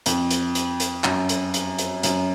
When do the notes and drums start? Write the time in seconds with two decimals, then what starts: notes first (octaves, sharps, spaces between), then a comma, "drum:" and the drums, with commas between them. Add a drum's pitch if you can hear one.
0.06 F2, drum: hi-hat
0.31 drum: hi-hat
0.55 drum: hi-hat
0.80 drum: hi-hat
1.04 F#2, drum: clap
1.29 drum: hi-hat
1.54 drum: hi-hat
1.79 drum: hi-hat
2.03 F#2, drum: hi-hat